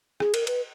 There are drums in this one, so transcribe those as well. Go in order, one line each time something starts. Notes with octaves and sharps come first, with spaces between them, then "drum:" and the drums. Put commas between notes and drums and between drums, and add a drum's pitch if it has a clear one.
G#4, drum: rim click
A#4, drum: cymbal
B4, drum: cymbal